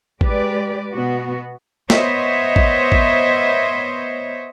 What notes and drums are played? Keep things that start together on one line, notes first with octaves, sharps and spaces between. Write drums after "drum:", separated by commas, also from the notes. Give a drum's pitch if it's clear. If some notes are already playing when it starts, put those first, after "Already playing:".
G#3 G4 B4 D5, drum: kick
B2 B3 F#4
B3 C5 C#5 D#5 E5, drum: snare
drum: kick
drum: kick